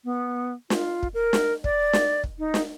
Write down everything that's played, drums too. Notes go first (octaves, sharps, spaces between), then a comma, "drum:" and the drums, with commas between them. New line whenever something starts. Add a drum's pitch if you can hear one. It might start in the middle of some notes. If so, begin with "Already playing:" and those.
B3
F4, drum: snare
drum: kick
A#4
drum: snare
D5, drum: kick
drum: snare
drum: kick
D#4
drum: snare